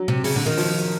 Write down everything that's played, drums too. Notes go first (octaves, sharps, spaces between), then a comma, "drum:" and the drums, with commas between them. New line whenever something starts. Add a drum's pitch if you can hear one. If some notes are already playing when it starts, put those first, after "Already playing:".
Already playing: F#3
C3
C#3, drum: open hi-hat
D3
D#3
F3, drum: open hi-hat